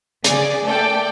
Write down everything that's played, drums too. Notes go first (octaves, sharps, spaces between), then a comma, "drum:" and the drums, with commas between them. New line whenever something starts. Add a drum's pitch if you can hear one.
C#3 G#4 D5, drum: hi-hat
A3 A#3 A4 D5 G5